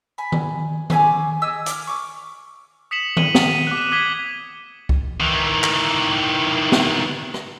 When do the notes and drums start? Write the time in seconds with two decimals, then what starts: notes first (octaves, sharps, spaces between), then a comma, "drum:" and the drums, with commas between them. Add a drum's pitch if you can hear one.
0.18 G#5 B5
0.32 drum: tom D#3
0.90 C4 C#4 G#5 D6, drum: tom D#3
1.42 G4 G#4 D#5 E6
1.66 D6 F6, drum: hi-hat
1.87 C#6 D6
2.91 D#6 B6 C#7 E7 F#7
3.17 D#7 F#7 G7, drum: tom D#3
3.35 D#6, drum: snare
3.67 D6 F#6
3.91 D6 D#6 G#6 B6 G7
4.89 drum: kick C#2
5.20 D#3 E3
5.64 drum: clap
6.72 drum: snare
7.34 drum: rim click